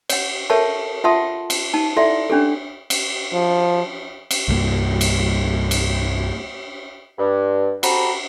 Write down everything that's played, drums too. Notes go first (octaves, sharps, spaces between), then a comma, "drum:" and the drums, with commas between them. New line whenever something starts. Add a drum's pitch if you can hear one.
C#5 F#5, drum: cymbal
A4 A#4 C#5 E5 A5 C#6
F4 E5 F#5 A5 C6 D#6
drum: cymbal
D#4 A5
E4 A4 D5 E5 F#5 C6
C#4 D4 G4 A4
drum: cymbal
F3
drum: cymbal
C2 G2 A#3
drum: cymbal
drum: cymbal
G2
F#4 G4 A4 C5 A#5 B5, drum: cymbal